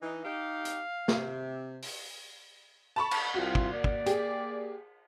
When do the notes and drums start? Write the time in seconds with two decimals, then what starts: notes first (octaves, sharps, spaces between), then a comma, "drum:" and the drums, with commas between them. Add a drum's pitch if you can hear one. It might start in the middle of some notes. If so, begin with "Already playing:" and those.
0.02 E3 D#4
0.25 D#4 G4 F5
0.65 drum: hi-hat
1.08 C3, drum: snare
1.82 drum: open hi-hat
2.96 A5 B5 C#6
3.11 drum: cymbal
3.35 C2 F4 F#4
3.55 drum: kick
3.73 A#3 D5
3.84 drum: kick
4.06 G4 G#4, drum: hi-hat